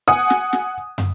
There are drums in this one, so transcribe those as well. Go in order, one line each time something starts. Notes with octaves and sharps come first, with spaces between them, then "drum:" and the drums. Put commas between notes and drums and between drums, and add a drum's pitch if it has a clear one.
F#5 G#5 D#6
drum: snare
drum: snare
drum: tom